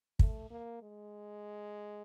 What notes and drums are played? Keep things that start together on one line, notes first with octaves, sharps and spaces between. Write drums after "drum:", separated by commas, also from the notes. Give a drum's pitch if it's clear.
A3, drum: kick
A#3
G#3